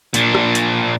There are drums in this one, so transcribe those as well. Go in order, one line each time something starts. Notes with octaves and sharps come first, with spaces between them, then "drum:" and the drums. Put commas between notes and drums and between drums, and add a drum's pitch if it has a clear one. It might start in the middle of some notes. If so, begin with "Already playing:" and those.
A#2 D4, drum: hi-hat
drum: rim click
drum: hi-hat